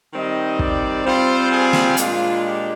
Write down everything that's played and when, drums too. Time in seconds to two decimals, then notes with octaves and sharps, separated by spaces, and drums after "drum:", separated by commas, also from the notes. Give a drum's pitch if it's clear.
0.14 D#3 G3 C4 D#4 D#5
0.59 D5, drum: kick
1.05 G3 C4 F4 C5
1.51 G#4
1.73 drum: snare
1.97 A#2 G#3 D4 F4, drum: hi-hat
2.44 G4